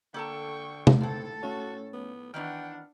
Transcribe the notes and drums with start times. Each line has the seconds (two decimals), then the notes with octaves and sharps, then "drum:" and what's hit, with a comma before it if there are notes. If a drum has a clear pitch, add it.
0.14 D3 A#3 A4 G5 A5 C#6 G6
0.87 drum: tom C3
1.00 A2 C4 A4 F#5 A5
1.43 A3 C#4 F#4 C#5
1.93 B3
2.34 D#3 E3 B3 D4 F#5 G5 F6